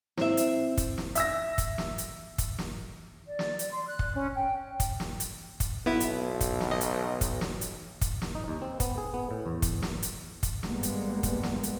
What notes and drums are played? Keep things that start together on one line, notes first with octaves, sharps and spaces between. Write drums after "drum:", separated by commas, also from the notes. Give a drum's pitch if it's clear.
C4 E4 C5 E5, drum: snare
drum: hi-hat
drum: kick, hi-hat
drum: snare
E5 E6 A#6, drum: hi-hat
drum: kick, hi-hat
drum: snare
drum: hi-hat
drum: kick, hi-hat
drum: snare
D5
drum: snare
drum: hi-hat
C6
F#6
drum: kick
C#4
G5
drum: kick, hi-hat
drum: snare
drum: hi-hat
drum: kick, hi-hat
B1 B3 E4
drum: hi-hat
drum: kick, hi-hat
drum: snare
D#5
drum: hi-hat
drum: kick, hi-hat
drum: snare
drum: hi-hat
drum: kick, hi-hat
drum: snare
D#4
D#2
C4
B3, drum: kick, hi-hat
G#4
B3
A2
E2
drum: kick, hi-hat
drum: snare
drum: hi-hat
drum: kick, hi-hat
G1 G2 G3 G#3 A#3 B3, drum: snare
drum: hi-hat
drum: kick, hi-hat
drum: snare
drum: hi-hat